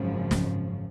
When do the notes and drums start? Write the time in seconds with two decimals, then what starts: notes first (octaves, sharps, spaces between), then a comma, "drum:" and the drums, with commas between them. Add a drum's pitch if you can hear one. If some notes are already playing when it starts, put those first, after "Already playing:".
Already playing: G#1 F#2 C#3 F3
0.31 drum: snare